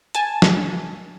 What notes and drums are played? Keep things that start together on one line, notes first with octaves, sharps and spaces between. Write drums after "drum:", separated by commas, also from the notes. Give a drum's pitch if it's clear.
G#5 A5, drum: hi-hat
drum: snare